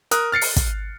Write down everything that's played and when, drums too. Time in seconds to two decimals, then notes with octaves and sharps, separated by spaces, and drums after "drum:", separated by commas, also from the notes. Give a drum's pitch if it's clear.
0.11 A#4 D#6 F#6, drum: hi-hat
0.32 F6 A6 C7 C#7
0.41 drum: open hi-hat
0.56 drum: kick, hi-hat